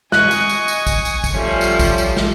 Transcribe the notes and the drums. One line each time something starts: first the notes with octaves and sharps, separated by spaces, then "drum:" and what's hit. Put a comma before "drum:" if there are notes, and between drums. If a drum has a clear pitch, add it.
D#5 G#5 C#6 F#6, drum: snare
drum: tambourine
drum: tambourine
drum: tambourine
drum: kick, tambourine
drum: tambourine
drum: kick, tambourine
F3 G3 A3 C#4
drum: tambourine
drum: kick, tambourine
drum: tambourine
drum: snare